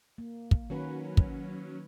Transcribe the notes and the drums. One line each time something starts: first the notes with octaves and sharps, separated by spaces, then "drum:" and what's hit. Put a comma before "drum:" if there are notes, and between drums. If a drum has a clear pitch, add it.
A#3
drum: kick
D#3 F#3 C#4 B4
drum: kick